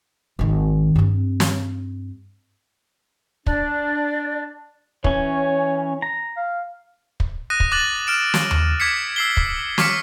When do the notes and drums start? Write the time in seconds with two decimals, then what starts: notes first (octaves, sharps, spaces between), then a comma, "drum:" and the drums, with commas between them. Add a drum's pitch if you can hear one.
0.39 G#1 D#3
0.96 G2 C4
1.40 drum: snare
3.46 D4 D5, drum: kick
5.04 E3 C#4 C#5, drum: kick
6.02 A#5
6.37 F5
7.20 drum: kick
7.50 D#6 F#6 A#6 D#7
7.60 drum: kick
7.72 D6 F#6 A6 F#7
8.07 F6 D7 E7
8.34 drum: snare
8.51 drum: tom D#2
8.80 D6 G#6 B6 C#7
9.16 E6 C7 G7
9.37 drum: kick
9.78 C#6 D6 F6 B6 C#7, drum: snare